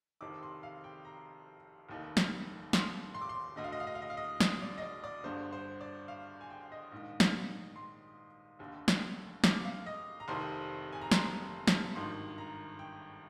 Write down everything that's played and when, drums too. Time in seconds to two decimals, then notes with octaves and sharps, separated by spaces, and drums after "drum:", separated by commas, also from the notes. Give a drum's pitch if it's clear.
0.21 F1 F2 C3 D#3 D6
0.43 C6
0.63 F5
0.84 G5
1.05 A#5
1.89 F1 D#2 D#3
2.17 drum: snare
2.73 C6, drum: snare
3.14 C6
3.22 D6
3.29 C6
3.56 D2 D3 D#5
3.64 F5
3.72 D#5
3.80 F5
3.87 D#5
3.95 F5
4.02 D#5
4.10 F5
4.17 D#5
4.40 D#5, drum: snare
4.62 D5
4.78 D#5
4.82 D5
5.04 D5
5.24 G1 G2 D3 C5
5.52 C5
5.81 D5
6.08 F5
6.41 G#5
6.50 G5
6.72 D#5
6.92 A#1 G#2 D#3
7.20 drum: snare
7.76 C6
8.59 F1 D#2 D3
8.88 drum: snare
9.44 D6, drum: snare
9.65 F5
9.86 D#5
10.20 A#5
10.28 F1 F2 C3 D#3 C6
10.92 G#5
11.01 A#5
11.11 C6, drum: snare
11.67 drum: snare
11.95 G#1 G2 D#3 C6
12.38 A#5
12.79 G5